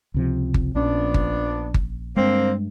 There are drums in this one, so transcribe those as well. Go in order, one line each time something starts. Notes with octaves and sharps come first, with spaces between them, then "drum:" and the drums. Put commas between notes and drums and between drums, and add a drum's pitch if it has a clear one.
C#2 C3 F3
drum: kick G1
A#1 F3 B3 C#4 D4
drum: kick G1
drum: kick G1
G2 D3 G#3 A#3 C4